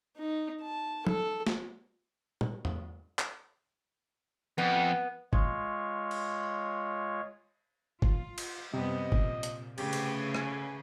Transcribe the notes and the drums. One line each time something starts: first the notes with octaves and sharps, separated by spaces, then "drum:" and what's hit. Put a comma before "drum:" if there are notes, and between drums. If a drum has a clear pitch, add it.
D#4
A5
A4, drum: tom
drum: snare
drum: tom
drum: tom E2
drum: clap
F2 B3
G#3 F4 C#5, drum: kick F#1
drum: cymbal
F4, drum: kick F#1
drum: cymbal
F#2 C3 G3 B3 D#5
A#2, drum: kick F#1
drum: hi-hat
C#3 A3 C#4 G4 B4, drum: cymbal
drum: cymbal
G#5, drum: rim click